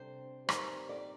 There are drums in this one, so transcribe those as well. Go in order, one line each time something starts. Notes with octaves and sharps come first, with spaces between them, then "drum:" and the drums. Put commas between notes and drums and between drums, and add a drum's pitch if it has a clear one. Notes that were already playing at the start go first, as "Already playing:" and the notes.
Already playing: C3 G3 D4 C5
G2 D#3 G3 C4, drum: rim click
D5